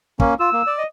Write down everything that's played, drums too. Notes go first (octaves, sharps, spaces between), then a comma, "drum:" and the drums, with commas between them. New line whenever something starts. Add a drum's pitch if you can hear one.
A#3 C#4, drum: kick
F4 E6
A#3
D5
D#5